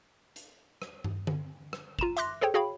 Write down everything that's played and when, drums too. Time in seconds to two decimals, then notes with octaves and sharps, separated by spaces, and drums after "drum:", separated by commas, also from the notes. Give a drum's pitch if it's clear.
0.36 drum: hi-hat
0.82 drum: rim click
1.04 drum: tom
1.27 drum: tom D3
1.73 drum: rim click
1.99 F4 A#5 D#7 E7, drum: kick
2.17 E5 C6 D6 F#6 A#6, drum: hi-hat
2.41 G#4 A4 C5 C#5 G5
2.54 F#4 G#4 C#5 F5 G5 B5